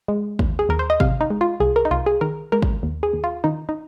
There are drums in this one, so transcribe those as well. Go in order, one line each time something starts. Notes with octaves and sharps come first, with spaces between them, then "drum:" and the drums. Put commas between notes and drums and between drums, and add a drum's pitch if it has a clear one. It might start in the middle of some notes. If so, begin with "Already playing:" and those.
G#3
D#2, drum: kick
G#4
D#2 A#4
C5
D#5
C3 F5, drum: kick
D#4
G#3
F4
C2 G#4
A#4
D#4
C2 F4
G#4
D#3 A#4
G#3 A#4
drum: kick
D#2
G#4
D#2
F4
D#3 D#4
D#4